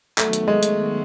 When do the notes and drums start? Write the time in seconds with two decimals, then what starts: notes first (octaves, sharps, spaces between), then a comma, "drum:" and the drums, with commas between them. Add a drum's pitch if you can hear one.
0.18 D#3 F#3 A3 B3 F#4, drum: clap
0.33 drum: hi-hat
0.48 G#3
0.63 drum: hi-hat